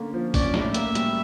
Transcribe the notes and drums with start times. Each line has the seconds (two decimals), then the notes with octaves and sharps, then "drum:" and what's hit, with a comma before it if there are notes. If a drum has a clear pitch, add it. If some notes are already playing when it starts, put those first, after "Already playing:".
Already playing: D3 A#3 C#4
0.13 F3
0.34 C#4 D5, drum: kick, open hi-hat
0.54 A2, drum: snare
0.74 A#3 E5, drum: hi-hat
0.95 G3, drum: hi-hat